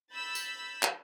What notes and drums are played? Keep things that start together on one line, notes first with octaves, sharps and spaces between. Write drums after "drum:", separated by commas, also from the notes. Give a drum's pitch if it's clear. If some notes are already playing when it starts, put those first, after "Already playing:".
B5 E6 G6 A6
drum: tambourine
drum: clap